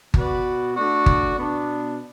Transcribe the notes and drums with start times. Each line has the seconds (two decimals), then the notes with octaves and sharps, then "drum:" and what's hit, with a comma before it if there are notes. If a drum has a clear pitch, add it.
0.14 B2 B3 F#4 B4 D5, drum: kick G1
0.76 A3 D4 F#4 D5
1.06 drum: kick G1
1.37 B2 B3 D4